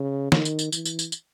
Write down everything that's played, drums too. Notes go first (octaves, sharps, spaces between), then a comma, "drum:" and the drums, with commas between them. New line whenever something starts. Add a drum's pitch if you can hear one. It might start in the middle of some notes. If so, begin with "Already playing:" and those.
Already playing: C#3
D#3, drum: snare
drum: tambourine
drum: tambourine
E3, drum: tambourine
drum: tambourine
drum: tambourine
drum: tambourine